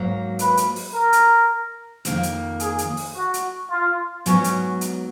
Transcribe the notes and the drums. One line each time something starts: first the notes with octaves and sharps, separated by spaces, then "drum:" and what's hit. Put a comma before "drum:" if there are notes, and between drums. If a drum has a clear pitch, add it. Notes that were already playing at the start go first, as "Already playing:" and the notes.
Already playing: G#2 F#3 A#3
B4, drum: hi-hat
drum: hi-hat
drum: open hi-hat
A#4
drum: hi-hat
F2 D#3 A#3, drum: hi-hat
drum: hi-hat
G#4, drum: hi-hat
drum: hi-hat
drum: open hi-hat
F#4
drum: hi-hat
F4
G#2 F#3 B3 C#4, drum: hi-hat
drum: hi-hat
drum: hi-hat